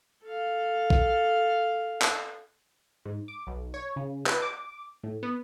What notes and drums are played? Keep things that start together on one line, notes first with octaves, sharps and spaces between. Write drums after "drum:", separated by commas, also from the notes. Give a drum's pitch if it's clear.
A4 F5
drum: kick A#1
drum: clap
G#2
D6
B1
C#5
C#3
B4, drum: clap
D6
A2
B3